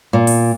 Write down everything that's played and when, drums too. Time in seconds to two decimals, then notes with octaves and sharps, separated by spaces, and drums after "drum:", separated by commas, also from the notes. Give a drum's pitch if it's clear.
0.13 A#2
0.27 drum: open hi-hat